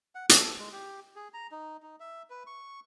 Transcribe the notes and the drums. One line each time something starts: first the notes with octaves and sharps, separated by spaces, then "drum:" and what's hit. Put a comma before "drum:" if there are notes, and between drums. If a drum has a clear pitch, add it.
F#5
A4, drum: hi-hat
G#3
G4
G#4
A#5
D#4
D#4
E5
B4
C#6